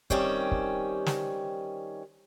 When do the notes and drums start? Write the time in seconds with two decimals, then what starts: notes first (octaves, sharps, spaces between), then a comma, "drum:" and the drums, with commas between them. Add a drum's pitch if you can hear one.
0.10 D#3 G3 C4 C#4 G4, drum: kick
0.51 drum: kick
1.06 drum: snare